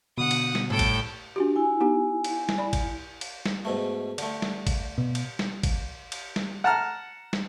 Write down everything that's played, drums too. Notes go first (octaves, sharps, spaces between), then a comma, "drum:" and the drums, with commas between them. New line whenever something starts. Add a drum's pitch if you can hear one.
B2 D3 F#5 D#6
drum: cymbal
drum: snare
A2 A4 G5
drum: kick G#1, cymbal
D4 F#4 G4
E4 G#5
B3 D#4 G4
drum: cymbal
drum: snare
D5 B5
drum: kick G#1, cymbal
drum: cymbal
drum: snare
G#2 B2 A3
D3 A3, drum: cymbal
drum: snare
drum: kick G#1, cymbal
B2
drum: cymbal
drum: snare
drum: kick G#1, cymbal
drum: cymbal
drum: snare
F#5 A5 A#5 F6
drum: snare